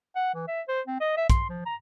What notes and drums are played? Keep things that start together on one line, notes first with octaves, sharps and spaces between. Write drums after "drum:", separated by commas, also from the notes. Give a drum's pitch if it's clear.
F#5
E3
E5
C5
C4
D#5
E5
C6, drum: kick, hi-hat
F3
A#5